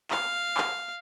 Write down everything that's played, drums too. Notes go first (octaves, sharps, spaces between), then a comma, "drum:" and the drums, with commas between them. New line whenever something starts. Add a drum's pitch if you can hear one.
F5, drum: clap
drum: clap